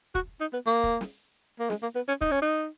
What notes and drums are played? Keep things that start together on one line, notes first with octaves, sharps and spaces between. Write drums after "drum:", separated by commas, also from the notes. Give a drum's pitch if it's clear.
F#4, drum: kick
D#4
B3
A#3
drum: kick
drum: snare
A#3
G#3, drum: snare
A#3
B3
C#4
D#4, drum: kick
C#4
D#4